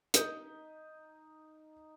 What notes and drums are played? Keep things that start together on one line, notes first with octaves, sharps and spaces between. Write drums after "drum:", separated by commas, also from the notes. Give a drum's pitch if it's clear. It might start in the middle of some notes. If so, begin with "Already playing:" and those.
D#4 D#6 G6, drum: hi-hat